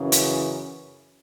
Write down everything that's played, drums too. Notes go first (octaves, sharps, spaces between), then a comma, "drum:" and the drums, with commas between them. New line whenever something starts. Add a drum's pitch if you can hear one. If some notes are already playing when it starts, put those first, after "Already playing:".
Already playing: F#2 C#3 E3
drum: hi-hat